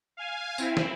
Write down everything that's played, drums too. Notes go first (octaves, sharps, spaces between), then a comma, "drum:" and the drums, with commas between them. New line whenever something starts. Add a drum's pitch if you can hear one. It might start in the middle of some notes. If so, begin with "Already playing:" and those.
F5 G#5
C4 E4, drum: tambourine
drum: snare